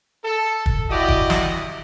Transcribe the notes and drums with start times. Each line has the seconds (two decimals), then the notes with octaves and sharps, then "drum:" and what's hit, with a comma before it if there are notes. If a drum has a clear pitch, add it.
0.23 A4
0.66 drum: kick
0.89 E4 F#4 G4 D5 D#5
1.08 drum: kick
1.30 drum: snare